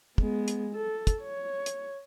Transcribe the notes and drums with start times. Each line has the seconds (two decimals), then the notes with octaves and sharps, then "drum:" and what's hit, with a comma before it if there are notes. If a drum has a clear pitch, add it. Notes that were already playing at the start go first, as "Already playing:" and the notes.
0.18 G#3 B3, drum: kick
0.48 drum: hi-hat
0.75 A4
1.07 drum: kick, hi-hat
1.22 C#5
1.66 drum: hi-hat